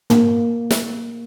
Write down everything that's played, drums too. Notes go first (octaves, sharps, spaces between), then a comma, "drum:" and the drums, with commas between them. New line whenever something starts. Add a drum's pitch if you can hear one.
A#3, drum: tom
drum: snare